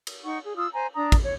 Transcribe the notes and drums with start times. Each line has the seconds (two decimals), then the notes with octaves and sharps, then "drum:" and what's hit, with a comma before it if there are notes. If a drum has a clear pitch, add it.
0.07 drum: cymbal
0.23 D#4 F#5 C#6
0.42 G#4
0.57 F4 D#6 E6
0.73 C5 G#5 A#5
0.94 D4 A#5 D#6
1.12 drum: kick, cymbal
1.23 C#5